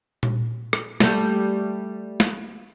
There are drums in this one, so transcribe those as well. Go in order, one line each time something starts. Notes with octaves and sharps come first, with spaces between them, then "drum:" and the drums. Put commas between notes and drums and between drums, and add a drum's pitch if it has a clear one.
drum: tom A#2
drum: rim click
G3 A3, drum: snare
drum: snare